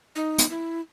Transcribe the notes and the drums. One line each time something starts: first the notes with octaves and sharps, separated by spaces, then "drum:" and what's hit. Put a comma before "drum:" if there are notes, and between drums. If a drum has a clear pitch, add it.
D#4
drum: hi-hat
E4